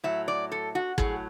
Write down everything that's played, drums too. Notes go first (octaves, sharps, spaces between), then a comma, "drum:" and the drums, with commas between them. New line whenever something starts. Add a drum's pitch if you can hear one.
A2 F#3 E5
D5
A4
F#4
A2 F#3 G#4, drum: kick